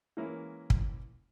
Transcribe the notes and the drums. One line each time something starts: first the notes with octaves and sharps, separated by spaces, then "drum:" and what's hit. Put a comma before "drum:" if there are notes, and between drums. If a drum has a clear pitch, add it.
E3 G#3 A#3 C#4 E4
drum: kick